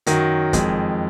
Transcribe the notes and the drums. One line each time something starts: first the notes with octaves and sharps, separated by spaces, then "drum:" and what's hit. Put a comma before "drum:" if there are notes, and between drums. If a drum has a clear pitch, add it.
F#2 D#3 F#3, drum: hi-hat
F2 D#3 G#3, drum: kick, hi-hat